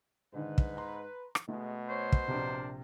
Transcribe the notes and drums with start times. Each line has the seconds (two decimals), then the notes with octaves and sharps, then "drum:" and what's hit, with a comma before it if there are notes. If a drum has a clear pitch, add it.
0.34 G#2 D3 D#3 B4
0.58 drum: kick
0.77 A#5 C6
1.35 drum: rim click
1.49 B2 G#3 A3
1.89 C5 C#5
2.12 drum: kick
2.28 A#1 C3 D4 A#4